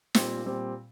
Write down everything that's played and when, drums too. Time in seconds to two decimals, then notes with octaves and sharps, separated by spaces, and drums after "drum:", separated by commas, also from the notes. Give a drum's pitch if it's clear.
0.15 A#2 G3 C4 F4, drum: snare
0.46 A#2 G3 C4